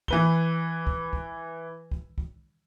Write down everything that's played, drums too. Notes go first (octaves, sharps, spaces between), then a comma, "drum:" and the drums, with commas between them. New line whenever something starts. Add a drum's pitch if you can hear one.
E3 B4 G7, drum: kick
drum: kick
drum: kick
drum: kick
drum: kick